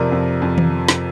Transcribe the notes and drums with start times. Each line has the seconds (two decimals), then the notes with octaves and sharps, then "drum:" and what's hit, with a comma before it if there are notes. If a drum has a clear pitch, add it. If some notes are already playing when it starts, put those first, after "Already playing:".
Already playing: F2 C3 F3 A#4 D5
0.12 F2
0.42 F2
0.58 drum: tom D#3
0.88 drum: snare